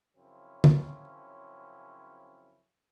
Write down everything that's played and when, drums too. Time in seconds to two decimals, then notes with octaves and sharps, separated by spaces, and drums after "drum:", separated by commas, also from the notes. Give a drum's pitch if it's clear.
0.16 F#2 C#3 F3 C4 C#4 E4
0.64 drum: tom